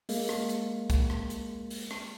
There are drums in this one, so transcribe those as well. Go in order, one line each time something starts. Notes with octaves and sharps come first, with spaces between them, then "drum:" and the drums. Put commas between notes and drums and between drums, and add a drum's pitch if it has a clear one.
G#3 A#3, drum: open hi-hat
drum: rim click
drum: hi-hat
drum: kick C2, hi-hat
drum: rim click
drum: hi-hat
drum: open hi-hat
drum: rim click